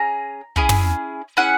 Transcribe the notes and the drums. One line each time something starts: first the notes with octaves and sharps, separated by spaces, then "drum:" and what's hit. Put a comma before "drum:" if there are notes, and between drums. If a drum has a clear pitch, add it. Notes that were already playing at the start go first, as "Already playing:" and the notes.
Already playing: C#4 G#4 A#5
C#4 E4 G#4, drum: kick
drum: tom
C#4 E4 G#4 F#5